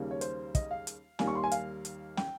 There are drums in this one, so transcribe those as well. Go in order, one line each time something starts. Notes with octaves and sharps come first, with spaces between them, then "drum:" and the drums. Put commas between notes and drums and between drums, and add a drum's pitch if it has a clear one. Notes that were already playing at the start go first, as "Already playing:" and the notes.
Already playing: D#2 C#3 G3 A#3
C#5
C5, drum: hi-hat
D#5, drum: kick, hi-hat
F5
drum: hi-hat
D#2 D#3 G3 A#3 G#5, drum: snare
C#6
C6
G#5
F5, drum: hi-hat
drum: hi-hat
G5, drum: snare